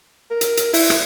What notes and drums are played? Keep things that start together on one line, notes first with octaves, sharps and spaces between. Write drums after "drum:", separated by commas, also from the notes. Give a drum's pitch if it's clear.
A#4
drum: hi-hat
drum: hi-hat
E4, drum: open hi-hat
drum: rim click